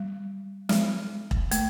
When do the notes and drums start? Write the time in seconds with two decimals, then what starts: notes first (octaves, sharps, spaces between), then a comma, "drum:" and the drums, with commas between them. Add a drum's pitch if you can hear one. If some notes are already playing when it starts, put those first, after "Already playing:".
Already playing: G3
0.69 G#3, drum: snare
1.31 drum: kick E1
1.51 A3, drum: hi-hat